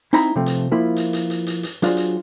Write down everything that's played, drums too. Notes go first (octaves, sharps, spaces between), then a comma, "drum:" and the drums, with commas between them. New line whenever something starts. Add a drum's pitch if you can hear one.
C4 D#4 E4 A#5 B5, drum: hi-hat
C3 F3 A3 C4
drum: hi-hat
F3 A#3 E4 F4
drum: hi-hat
drum: hi-hat
drum: hi-hat
drum: hi-hat
drum: hi-hat
F#3 D4 F4 F#4 G#4 C5, drum: hi-hat
drum: hi-hat